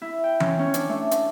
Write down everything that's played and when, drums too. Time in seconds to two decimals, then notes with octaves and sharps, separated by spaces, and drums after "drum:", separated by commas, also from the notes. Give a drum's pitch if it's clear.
0.02 E4
0.24 G5
0.40 C#4, drum: tom E3
0.59 C#4
0.74 D4, drum: hi-hat
0.89 A3
1.11 drum: hi-hat